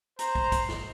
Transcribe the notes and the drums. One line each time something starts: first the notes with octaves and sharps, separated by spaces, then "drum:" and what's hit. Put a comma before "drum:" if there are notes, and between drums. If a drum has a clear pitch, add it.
C5 A#5, drum: hi-hat
drum: kick
drum: kick, hi-hat
drum: snare